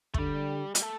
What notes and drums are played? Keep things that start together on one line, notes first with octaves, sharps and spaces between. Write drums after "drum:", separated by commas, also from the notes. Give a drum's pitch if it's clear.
A3, drum: kick
D3 G3
G3, drum: hi-hat
A3